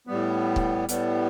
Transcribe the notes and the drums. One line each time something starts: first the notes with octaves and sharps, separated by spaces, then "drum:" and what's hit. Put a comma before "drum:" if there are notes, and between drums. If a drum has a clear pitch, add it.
A2 G3 B3
drum: kick
A2 G3 B3, drum: hi-hat